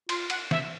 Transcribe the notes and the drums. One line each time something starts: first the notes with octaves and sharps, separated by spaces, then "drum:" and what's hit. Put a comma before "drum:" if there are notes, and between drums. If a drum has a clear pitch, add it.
F4 C6, drum: cymbal
F#5, drum: cymbal
E5, drum: snare